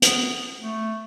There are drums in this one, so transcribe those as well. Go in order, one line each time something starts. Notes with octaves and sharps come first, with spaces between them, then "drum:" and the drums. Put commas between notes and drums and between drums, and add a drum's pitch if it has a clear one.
B3, drum: hi-hat
A3